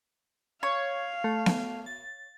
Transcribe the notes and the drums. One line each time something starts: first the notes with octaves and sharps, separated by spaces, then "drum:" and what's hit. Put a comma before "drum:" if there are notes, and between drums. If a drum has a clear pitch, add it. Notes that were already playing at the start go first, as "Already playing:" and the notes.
C#5 F5
A3
drum: snare B3
A6